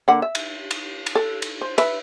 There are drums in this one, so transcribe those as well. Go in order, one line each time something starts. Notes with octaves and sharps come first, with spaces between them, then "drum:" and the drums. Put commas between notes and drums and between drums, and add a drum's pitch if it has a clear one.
D3 A#3 F#5
E5
drum: cymbal
drum: cymbal
drum: cymbal
A4
drum: cymbal
C5
B4 E5, drum: cymbal